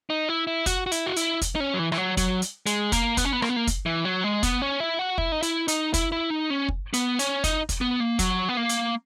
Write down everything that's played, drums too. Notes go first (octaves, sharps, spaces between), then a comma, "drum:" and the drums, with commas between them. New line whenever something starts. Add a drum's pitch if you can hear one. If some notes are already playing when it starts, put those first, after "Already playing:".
D#4
E4
E4
F#4, drum: kick, hi-hat
F#4
E4, drum: hi-hat
F#4
E4, drum: hi-hat
drum: kick, hi-hat
D#4
C#4
F#3
E3
E3, drum: rim click
F#3
F#3, drum: kick, hi-hat
drum: hi-hat
G#3, drum: hi-hat
A#3, drum: kick, hi-hat
B3, drum: kick, hi-hat
C#4
B3
A#3, drum: rim click
B3
A#3
drum: kick, hi-hat
E3
F#3
G#3
B3, drum: kick, hi-hat
C#4
E4
F#4
E4, drum: kick
D#4
E4, drum: hi-hat
D#4, drum: hi-hat
E4, drum: kick, hi-hat
E4
D#4
C#4
drum: kick
B3, drum: hi-hat
C#4, drum: hi-hat
D#4, drum: kick, hi-hat
drum: kick, hi-hat
B3
A#3
F#3, drum: kick, hi-hat
B3
A#3
drum: hi-hat